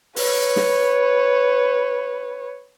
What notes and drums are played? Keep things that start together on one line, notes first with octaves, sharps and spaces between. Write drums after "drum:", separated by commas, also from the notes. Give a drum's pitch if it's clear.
B4 C#5, drum: open hi-hat
drum: snare